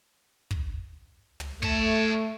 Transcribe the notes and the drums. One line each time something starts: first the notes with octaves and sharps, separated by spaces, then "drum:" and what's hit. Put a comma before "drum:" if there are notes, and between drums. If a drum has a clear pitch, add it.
drum: kick
drum: tom
A3 C#5 A5, drum: kick